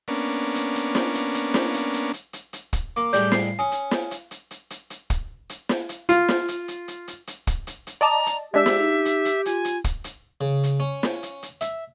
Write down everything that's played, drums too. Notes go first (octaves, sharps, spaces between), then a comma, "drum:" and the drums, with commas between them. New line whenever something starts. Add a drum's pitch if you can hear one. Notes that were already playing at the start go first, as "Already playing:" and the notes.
A#3 B3 C#4 D4
drum: hi-hat
drum: hi-hat
drum: snare
drum: hi-hat
drum: hi-hat
drum: snare
drum: hi-hat
drum: hi-hat
drum: hi-hat
drum: hi-hat
drum: hi-hat
drum: kick, hi-hat
A#3 D6
A2 G3 G#3 D5 D6 G6, drum: hi-hat
C7, drum: snare
C#4 G#5 D#6
drum: hi-hat
drum: snare
drum: hi-hat
drum: hi-hat
drum: hi-hat
drum: hi-hat
drum: hi-hat
drum: kick, hi-hat
drum: hi-hat
drum: snare
drum: hi-hat
F4, drum: hi-hat
drum: snare
drum: hi-hat
drum: hi-hat
drum: hi-hat
drum: hi-hat
drum: hi-hat
drum: kick, hi-hat
drum: hi-hat
drum: hi-hat
D5 D#5 A5 A#5
drum: hi-hat
G#3 D4 G4 E5 E6
drum: snare
D#4
drum: hi-hat
drum: hi-hat
F4 G#5, drum: hi-hat
drum: hi-hat
drum: kick, hi-hat
drum: hi-hat
C#3
drum: hi-hat
C#4
drum: snare
drum: hi-hat
drum: hi-hat
E5, drum: hi-hat